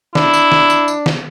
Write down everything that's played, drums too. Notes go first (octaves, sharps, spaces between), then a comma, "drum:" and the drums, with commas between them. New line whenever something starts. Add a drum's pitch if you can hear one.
D4 E4, drum: snare
drum: tambourine
drum: snare
drum: tambourine
drum: tambourine
drum: snare